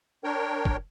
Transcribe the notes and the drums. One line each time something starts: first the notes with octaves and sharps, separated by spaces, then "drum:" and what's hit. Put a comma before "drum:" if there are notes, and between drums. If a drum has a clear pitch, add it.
D4 A#4 C#5 G5
drum: kick